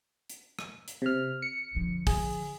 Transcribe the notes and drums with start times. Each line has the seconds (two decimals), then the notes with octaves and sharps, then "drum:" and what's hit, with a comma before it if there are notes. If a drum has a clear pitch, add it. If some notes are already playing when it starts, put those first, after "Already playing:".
0.30 drum: hi-hat
0.59 drum: rim click
0.88 drum: hi-hat
1.02 C3 F6
1.42 C#7
1.75 D3 F3
2.07 G#4, drum: kick, open hi-hat